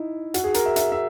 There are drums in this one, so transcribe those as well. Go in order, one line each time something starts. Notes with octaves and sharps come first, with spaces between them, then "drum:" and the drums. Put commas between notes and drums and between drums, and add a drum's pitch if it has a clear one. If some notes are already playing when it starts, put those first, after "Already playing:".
Already playing: D#4 E4
F#4, drum: hi-hat
G#4
A#4, drum: hi-hat
E5
E5, drum: hi-hat
E5